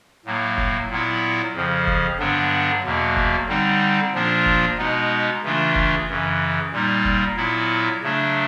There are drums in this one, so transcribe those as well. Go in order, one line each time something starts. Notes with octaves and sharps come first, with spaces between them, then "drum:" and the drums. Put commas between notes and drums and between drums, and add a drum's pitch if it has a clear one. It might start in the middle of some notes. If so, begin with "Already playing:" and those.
A2 F#3 A#3
drum: kick
A#2 F#3 B3 E4
F2 C#3 F3
drum: kick
G2 D3 F#3 B3 D4
E2 B2 F#3 A#3
drum: kick
D3 G3 C4 D#4
A#2 F3 A#3 D4 F4
drum: kick
B2 G#3 B3 D#4
C#3 E3 A3 D4 F4
drum: kick
F#2 C#3 E3
A#2 G3 A#3 D#4
drum: kick
A#2 F#3 B3 E4
C#3 F#3 A3 D4